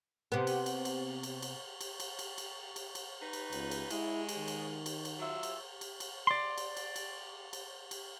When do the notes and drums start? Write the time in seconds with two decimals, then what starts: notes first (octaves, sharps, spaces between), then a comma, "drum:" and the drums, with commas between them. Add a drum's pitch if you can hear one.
0.32 C3 B3
0.47 drum: cymbal
0.66 drum: cymbal
0.85 drum: cymbal
1.23 drum: cymbal
1.42 drum: cymbal
1.81 drum: cymbal
2.00 drum: cymbal
2.19 drum: cymbal
2.38 drum: cymbal
2.76 drum: cymbal
2.95 drum: cymbal
3.22 D#4 B4
3.33 drum: cymbal
3.53 C#2, drum: cymbal
3.71 drum: cymbal
3.90 G#3 E4, drum: cymbal
4.29 drum: cymbal
4.38 D#3
4.48 drum: cymbal
4.86 drum: cymbal
5.05 drum: cymbal
5.19 F#3 F4 E5
5.43 drum: cymbal
5.81 drum: cymbal
6.00 drum: cymbal
6.27 D5 C6
6.58 drum: cymbal
6.77 drum: cymbal
6.96 drum: cymbal
7.53 drum: cymbal
7.91 drum: cymbal